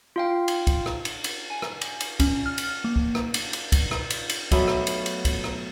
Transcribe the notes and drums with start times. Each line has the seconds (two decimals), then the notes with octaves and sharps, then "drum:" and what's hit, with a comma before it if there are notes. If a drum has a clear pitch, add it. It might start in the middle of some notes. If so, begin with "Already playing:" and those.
0.16 F4 F5 G5
0.48 drum: cymbal
0.67 drum: kick, cymbal
0.86 drum: rim click
1.05 drum: cymbal
1.24 drum: cymbal
1.50 G#5
1.62 drum: rim click
1.81 drum: cymbal
2.01 drum: cymbal
2.20 C#4, drum: kick, cymbal
2.46 F6
2.58 drum: cymbal
2.84 A#3
2.96 drum: kick
3.15 drum: rim click
3.34 drum: cymbal
3.53 drum: cymbal
3.72 drum: kick, cymbal
3.91 drum: rim click
4.10 drum: cymbal
4.29 drum: cymbal
4.51 F#3 A3 B3 D#5, drum: kick, cymbal
4.68 drum: rim click
4.87 drum: cymbal
5.06 drum: cymbal
5.25 drum: kick, cymbal
5.44 drum: rim click